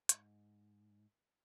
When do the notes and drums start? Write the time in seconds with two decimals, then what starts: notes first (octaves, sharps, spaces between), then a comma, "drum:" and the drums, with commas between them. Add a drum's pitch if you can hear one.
0.09 G#2, drum: hi-hat